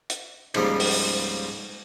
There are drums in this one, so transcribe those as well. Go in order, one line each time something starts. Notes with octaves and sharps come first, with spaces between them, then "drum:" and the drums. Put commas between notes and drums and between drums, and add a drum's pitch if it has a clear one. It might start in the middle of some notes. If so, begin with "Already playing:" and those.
drum: hi-hat
C#2 G#2 F3 G3 A#3 C4, drum: cymbal
drum: open hi-hat